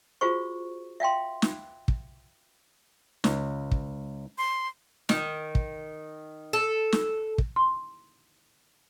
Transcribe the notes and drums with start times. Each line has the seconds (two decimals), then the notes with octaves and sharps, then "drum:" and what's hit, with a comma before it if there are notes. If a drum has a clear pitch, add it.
0.21 F4 F#4 G#4 C5 C#6
1.00 E5 F5 G5 C6
1.42 drum: snare
1.88 drum: kick
3.24 C#2, drum: snare
3.71 drum: kick
4.38 C6
5.09 D#3, drum: snare
5.55 drum: kick
6.53 A4
6.92 drum: snare
7.38 drum: kick
7.56 C6